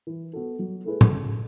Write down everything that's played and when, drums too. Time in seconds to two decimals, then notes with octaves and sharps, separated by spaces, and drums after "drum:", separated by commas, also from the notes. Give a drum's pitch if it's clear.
0.07 E3
0.33 B3 F#4 A4
0.59 F#3
0.85 A3 E4 G#4 B4
1.01 drum: tom A2
1.11 C#3